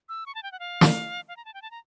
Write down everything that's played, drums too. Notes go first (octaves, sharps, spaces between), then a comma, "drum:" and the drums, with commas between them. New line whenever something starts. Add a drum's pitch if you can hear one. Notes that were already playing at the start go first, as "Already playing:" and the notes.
E6
C#6
A5
G5
F#5
F5
drum: snare
F5
A#5
A5
G5
A5
A#5